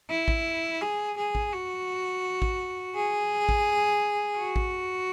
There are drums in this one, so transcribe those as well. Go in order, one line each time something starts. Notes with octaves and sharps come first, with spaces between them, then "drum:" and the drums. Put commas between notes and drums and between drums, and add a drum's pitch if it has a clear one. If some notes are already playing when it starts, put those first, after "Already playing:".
E4
drum: kick A1
G#4
G#4
drum: kick A1
F#4
drum: kick A1
G#4
drum: kick A1
F#4
drum: kick A1